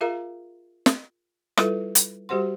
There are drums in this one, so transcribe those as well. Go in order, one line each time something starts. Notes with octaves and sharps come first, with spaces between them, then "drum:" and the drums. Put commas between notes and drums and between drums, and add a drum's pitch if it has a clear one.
F4 G#4 A#4 E5 F5 A#5
drum: snare
G3 E4 F4 A4 B4, drum: rim click
drum: hi-hat
G3 F#4 G4 C5 F#5 C6